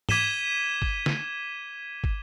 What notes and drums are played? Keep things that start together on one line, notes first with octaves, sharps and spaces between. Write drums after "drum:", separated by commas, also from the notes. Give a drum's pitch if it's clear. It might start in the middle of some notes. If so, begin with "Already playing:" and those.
D6 G#6 B6 D#7 E7 G7, drum: tom G#2
drum: kick
drum: snare
drum: kick